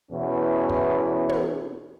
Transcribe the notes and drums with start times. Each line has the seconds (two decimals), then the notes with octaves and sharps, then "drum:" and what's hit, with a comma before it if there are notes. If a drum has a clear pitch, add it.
0.12 E2 B2 C#4 E4
0.69 drum: kick
1.29 drum: tom